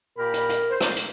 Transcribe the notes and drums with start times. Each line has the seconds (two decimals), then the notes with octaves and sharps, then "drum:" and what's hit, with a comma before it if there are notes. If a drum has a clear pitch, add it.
0.18 A#2 G4 A#4 B5
0.34 drum: hi-hat
0.49 drum: hi-hat
0.70 C5
0.81 drum: rim click
0.96 drum: hi-hat